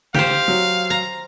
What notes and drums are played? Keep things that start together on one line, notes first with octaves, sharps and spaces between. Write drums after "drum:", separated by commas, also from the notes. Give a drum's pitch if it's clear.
G4 C5 F5, drum: snare
F#3
A#5